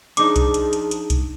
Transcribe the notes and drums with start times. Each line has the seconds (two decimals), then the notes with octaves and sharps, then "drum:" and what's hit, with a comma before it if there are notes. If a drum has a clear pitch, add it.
0.17 F3 D4 D#4 G#4 D6, drum: hi-hat
0.36 drum: kick C2, hi-hat
0.54 drum: hi-hat
0.73 drum: hi-hat
0.91 drum: hi-hat
1.10 drum: kick C2, hi-hat